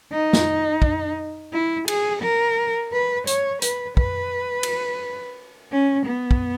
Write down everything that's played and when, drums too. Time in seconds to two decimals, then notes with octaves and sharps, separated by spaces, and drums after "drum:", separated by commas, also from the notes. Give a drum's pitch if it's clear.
0.12 D#4
0.33 drum: snare
0.82 drum: kick
1.53 E4
1.88 G#4, drum: cymbal
2.22 A#4
2.93 B4
3.27 C#5, drum: hi-hat
3.62 B4, drum: hi-hat
3.97 B4, drum: kick
4.63 drum: cymbal
5.72 C#4
6.06 B3
6.31 drum: kick